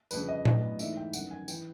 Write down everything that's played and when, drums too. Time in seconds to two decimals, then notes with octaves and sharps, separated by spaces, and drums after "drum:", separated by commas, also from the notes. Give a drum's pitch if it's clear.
0.11 G1 F2 C#3 B4, drum: tambourine
0.28 D#5
0.45 A2 F#3 B3 D4, drum: tom A#2
0.79 G#2 E3 A3 D4 E5, drum: tambourine
0.97 G5
1.13 G1 F#2 D#3 F#5, drum: tambourine
1.31 G#5
1.48 E3 G5, drum: tambourine